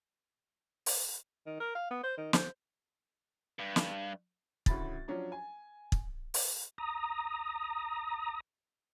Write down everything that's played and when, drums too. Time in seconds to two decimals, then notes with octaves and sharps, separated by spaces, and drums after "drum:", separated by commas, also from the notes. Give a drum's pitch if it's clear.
0.86 drum: open hi-hat
1.46 D#3
1.60 A#4
1.75 F5
1.90 B3
2.03 C5
2.17 D#3
2.33 C5, drum: snare
3.59 G2
3.76 drum: snare
4.66 D2 A2 C#3 B5 A6, drum: kick
5.08 F3 F#3 C#4 D4
5.32 G#5
5.92 drum: kick
6.34 drum: open hi-hat
6.78 A#5 D#6